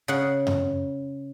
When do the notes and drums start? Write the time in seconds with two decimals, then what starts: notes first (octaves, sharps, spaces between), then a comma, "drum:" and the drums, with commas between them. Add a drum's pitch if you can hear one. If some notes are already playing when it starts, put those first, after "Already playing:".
0.08 C#3 F#5
0.47 drum: tom F#2